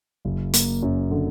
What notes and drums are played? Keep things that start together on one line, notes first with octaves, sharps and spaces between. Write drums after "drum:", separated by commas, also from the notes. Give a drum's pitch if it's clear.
F#1
A#3, drum: hi-hat
F#2
D3